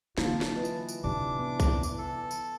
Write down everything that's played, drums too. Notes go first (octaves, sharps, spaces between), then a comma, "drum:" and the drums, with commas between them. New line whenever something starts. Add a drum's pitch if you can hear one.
D3 E3 F#3 A#3 F4 A5, drum: snare
drum: snare
E3 F4 B4 D#5
drum: tambourine
drum: tambourine
C3 D4 D#4 D6
B3
drum: kick A#1, tambourine
drum: tambourine
A4
drum: tambourine